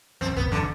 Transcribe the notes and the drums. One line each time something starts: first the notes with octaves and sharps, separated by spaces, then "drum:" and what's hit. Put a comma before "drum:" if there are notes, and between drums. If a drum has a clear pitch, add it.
C4, drum: snare
B3, drum: kick
D3, drum: snare